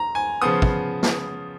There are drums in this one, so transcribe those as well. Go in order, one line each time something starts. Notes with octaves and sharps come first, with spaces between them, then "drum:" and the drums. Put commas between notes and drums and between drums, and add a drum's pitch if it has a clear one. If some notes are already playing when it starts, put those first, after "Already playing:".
Already playing: A#5
G#5
C#3 F3 B3 D#6
drum: kick
drum: snare